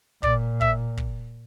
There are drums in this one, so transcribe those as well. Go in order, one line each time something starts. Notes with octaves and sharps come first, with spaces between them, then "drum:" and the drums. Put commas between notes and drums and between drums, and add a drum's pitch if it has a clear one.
A#2 D5, drum: kick
E5, drum: kick
drum: kick